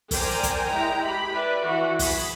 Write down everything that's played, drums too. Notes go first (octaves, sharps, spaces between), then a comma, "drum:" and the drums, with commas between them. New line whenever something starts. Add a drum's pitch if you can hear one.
A#4 C5 D5 G5 G#5 A#5, drum: kick, open hi-hat
drum: kick, hi-hat
G#3 E4 G5 A#5
G4 B5
B4 D5 E5
E3 F#4
G#4 B5, drum: kick, open hi-hat